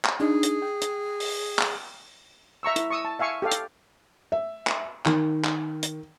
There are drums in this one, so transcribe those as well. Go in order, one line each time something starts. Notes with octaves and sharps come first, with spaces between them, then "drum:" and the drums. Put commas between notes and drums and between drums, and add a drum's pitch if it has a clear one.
drum: clap
D4 D#4 G#4
drum: hi-hat
G5
drum: hi-hat
drum: open hi-hat
drum: clap
E5 A#5 C#6 E6
E4, drum: hi-hat
C#6 D#6 E6
A5
E5 F5 G#5 C#6
G4 A4 F5
drum: hi-hat
E5
drum: clap
D#3, drum: clap
drum: clap
drum: hi-hat